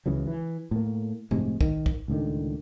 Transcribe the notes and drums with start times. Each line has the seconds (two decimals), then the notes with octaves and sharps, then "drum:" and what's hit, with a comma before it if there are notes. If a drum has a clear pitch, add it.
0.06 C#2 C#3 E3 F#3
0.27 E3
0.71 A2 A#3
1.31 F1 A2 C3 G#3, drum: tom G2
1.61 D#3, drum: kick B1
1.86 drum: kick B1
2.08 C#2 A2 D3 D#3